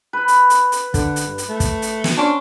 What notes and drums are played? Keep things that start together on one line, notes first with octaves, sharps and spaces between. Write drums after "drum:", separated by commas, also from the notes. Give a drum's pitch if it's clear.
B4
drum: hi-hat
drum: hi-hat
drum: hi-hat
D3, drum: kick, hi-hat
drum: hi-hat
G2
drum: hi-hat
A3
drum: kick, hi-hat
drum: hi-hat
drum: snare
C#4 D4 C6